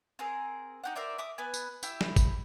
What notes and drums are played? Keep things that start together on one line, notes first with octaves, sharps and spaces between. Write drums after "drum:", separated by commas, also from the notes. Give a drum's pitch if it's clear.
C4 G#4 A#4
D#4 G4 F#5
A#4 C5 D5 E5
E5 D6 D#6
B3 B4 G#5
drum: tambourine
E4 G4 E5, drum: tambourine
drum: snare
drum: kick G1, tambourine